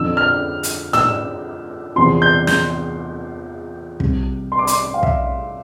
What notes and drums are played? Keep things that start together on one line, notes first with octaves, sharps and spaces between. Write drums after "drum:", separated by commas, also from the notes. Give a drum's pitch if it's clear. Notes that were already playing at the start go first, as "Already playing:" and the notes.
Already playing: F2 D3 F3 E6
F6
drum: hi-hat
E6, drum: tom
E2 C3 F3 C6
G6
G6, drum: snare
C2 C3 F3, drum: kick
C6
D6
C6, drum: hi-hat
F5
E5, drum: kick